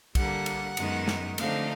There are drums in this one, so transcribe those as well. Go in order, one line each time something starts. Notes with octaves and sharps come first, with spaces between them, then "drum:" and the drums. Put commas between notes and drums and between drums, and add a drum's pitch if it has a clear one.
D3 G3 A#3 F#5, drum: kick, cymbal
drum: cymbal
F#2 D#3 G#3 B3 D#4, drum: cymbal
drum: snare
D3 F3 A3 C4 D#4 F5, drum: cymbal